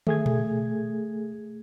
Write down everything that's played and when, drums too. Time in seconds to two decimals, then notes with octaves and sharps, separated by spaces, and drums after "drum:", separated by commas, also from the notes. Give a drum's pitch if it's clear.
0.07 A3 G#4 G#6, drum: tom
0.26 drum: tom A#2